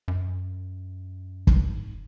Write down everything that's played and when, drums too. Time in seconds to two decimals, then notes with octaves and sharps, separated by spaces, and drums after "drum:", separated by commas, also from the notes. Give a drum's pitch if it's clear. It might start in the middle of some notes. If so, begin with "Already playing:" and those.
0.08 F#2
1.47 drum: kick
1.66 G#2